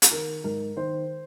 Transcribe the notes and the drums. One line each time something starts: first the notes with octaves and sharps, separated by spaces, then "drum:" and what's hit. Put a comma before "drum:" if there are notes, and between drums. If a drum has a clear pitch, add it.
drum: hi-hat
D#3 A#4
G#2 A#4
D#3 C5